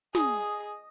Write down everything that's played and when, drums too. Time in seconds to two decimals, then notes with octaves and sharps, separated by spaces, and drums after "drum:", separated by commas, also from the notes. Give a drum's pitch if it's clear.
0.15 G#4 D#5, drum: snare